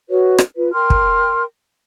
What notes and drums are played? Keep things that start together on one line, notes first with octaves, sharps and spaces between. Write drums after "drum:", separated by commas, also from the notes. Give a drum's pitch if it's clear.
F#4 B4 C#5
drum: rim click
F4 B4
A#4 G5 C6 F6
drum: kick